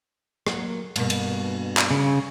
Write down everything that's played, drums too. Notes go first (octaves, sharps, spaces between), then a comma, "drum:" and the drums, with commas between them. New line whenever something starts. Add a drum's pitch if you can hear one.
F#3 A#3, drum: rim click
G2 B2 A#3, drum: cymbal
drum: cymbal
drum: clap
C#3